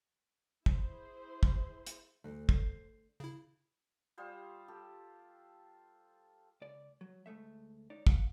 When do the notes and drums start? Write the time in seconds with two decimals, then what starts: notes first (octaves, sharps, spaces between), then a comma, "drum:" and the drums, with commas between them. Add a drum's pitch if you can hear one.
0.66 E4 G#4 C5, drum: kick
1.43 drum: kick
1.87 drum: hi-hat
2.24 D2
2.49 C5, drum: kick
3.20 C#3 E4
4.18 G3 F4 G#4 C5
4.68 G4 A4
6.62 C#2 D5
7.01 F#3
7.26 D2 G#3 A3 E5
7.90 D#4 C#5 D5
8.07 F5 F#5, drum: kick